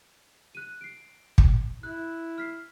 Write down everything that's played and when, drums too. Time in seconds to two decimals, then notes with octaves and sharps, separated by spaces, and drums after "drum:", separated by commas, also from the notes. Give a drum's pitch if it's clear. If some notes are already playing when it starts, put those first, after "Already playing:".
0.55 F#6 D#7
0.81 C7 D7
1.38 drum: kick
1.83 E4 F#6
2.38 F6 B6 C7